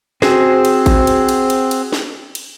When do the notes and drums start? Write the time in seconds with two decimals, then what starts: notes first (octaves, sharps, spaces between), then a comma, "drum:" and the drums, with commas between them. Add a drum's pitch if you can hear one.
0.22 C4 F#4 G#4 C5, drum: snare
0.65 drum: cymbal
0.86 drum: kick G#1, cymbal
1.07 drum: cymbal
1.29 drum: cymbal
1.50 drum: cymbal
1.71 drum: cymbal
1.93 drum: snare
2.35 drum: cymbal